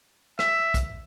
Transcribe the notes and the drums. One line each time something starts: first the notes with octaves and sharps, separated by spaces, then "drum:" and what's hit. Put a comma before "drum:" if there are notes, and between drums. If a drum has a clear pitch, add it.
E5, drum: rim click
drum: kick, hi-hat